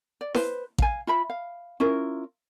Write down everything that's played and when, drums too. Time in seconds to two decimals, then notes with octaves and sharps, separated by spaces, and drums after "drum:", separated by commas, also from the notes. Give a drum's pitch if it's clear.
0.21 D5
0.34 B4 C5, drum: snare E4
0.78 F5 G#5, drum: kick A1
1.07 F4 E5 B5
1.30 F5
1.80 C#4 E4 F4 A#4